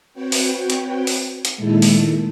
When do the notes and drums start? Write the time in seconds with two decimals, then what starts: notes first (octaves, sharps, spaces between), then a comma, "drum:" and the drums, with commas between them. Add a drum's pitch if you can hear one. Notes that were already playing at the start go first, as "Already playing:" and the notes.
0.13 C4 F#4 B4 C#5 G5
0.32 drum: open hi-hat
0.70 drum: hi-hat
1.07 drum: open hi-hat
1.45 drum: hi-hat
1.56 A#2 D#3 G#3 A3 E4 A4
1.82 drum: open hi-hat